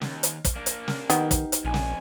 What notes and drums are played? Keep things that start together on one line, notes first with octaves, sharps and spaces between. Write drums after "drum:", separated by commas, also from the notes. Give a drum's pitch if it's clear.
D#2 G#2, drum: snare
drum: hi-hat
drum: kick, hi-hat
A#3 D4
drum: hi-hat
drum: snare
D#3 B3 D#4 G4, drum: hi-hat
drum: kick, hi-hat
drum: hi-hat
A#1 F2 G#5
drum: snare